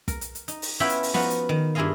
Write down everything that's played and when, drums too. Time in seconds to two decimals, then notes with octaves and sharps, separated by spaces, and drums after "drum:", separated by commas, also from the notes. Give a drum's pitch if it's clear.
0.08 A#4, drum: kick, hi-hat
0.21 drum: hi-hat
0.35 drum: hi-hat
0.48 D#4, drum: hi-hat
0.62 drum: open hi-hat
0.80 B3 C#4 E4 F4 E5 G5
0.89 drum: hi-hat
1.03 drum: open hi-hat
1.14 F3 B3 D#4 F4 F#4, drum: snare
1.30 drum: hi-hat
1.49 D#3
1.75 G2 E4 F4 G#4 D#5 F5